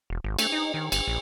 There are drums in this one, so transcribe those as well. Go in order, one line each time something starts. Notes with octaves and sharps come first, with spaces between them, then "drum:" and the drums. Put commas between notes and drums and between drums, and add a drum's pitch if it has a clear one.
E1
G#1
A3, drum: cymbal
D#4
D#3
G1, drum: cymbal
A#1